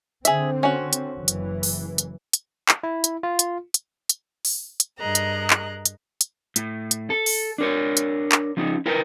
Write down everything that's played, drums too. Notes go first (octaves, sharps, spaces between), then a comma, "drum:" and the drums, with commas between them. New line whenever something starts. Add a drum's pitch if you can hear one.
D3 C4 G#4 E5, drum: hi-hat
C#4 F#4
drum: hi-hat
F#1 E3
drum: hi-hat
drum: open hi-hat
drum: hi-hat
drum: hi-hat
drum: clap
E4
drum: hi-hat
F4
drum: hi-hat
drum: hi-hat
drum: hi-hat
drum: open hi-hat
drum: hi-hat
G2 G#4 A#4 D#5 A#5 F#6
drum: hi-hat
drum: clap
drum: hi-hat
drum: hi-hat
A2, drum: hi-hat
drum: hi-hat
A4
drum: open hi-hat
D4 A#4 C#5
drum: hi-hat
drum: clap
F3 C#4 D#4
E4 A#4 B4 G5